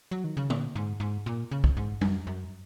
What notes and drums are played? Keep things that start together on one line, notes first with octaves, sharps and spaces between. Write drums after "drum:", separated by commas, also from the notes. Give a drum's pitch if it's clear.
F#3
D#3
C#3
A#2, drum: tom
G#2
G#2
A#2
C#3
drum: kick
G#2
F#2, drum: tom G3
F#2